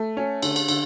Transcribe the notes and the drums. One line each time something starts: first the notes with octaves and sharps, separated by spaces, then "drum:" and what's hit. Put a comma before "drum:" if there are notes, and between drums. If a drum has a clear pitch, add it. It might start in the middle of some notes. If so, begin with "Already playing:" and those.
Already playing: A3
C#4
D3, drum: cymbal
drum: cymbal
D3, drum: cymbal